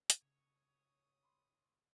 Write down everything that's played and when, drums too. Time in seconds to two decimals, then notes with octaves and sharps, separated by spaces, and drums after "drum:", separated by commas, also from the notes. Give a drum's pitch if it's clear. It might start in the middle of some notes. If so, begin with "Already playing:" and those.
0.10 drum: hi-hat
0.22 C#3 C#5 D#6
1.23 B5 C6